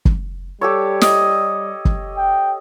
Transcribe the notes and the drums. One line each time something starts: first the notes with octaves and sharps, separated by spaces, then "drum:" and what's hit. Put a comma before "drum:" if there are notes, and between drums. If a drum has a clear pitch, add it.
drum: kick
G3 G4 A4 C#5
D#5, drum: snare
drum: kick
G5